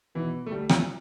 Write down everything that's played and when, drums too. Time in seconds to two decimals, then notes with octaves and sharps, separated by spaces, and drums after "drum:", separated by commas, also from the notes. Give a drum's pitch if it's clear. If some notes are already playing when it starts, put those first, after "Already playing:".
0.15 B2 E3
0.46 A3
0.51 D3 G3
0.69 drum: rim click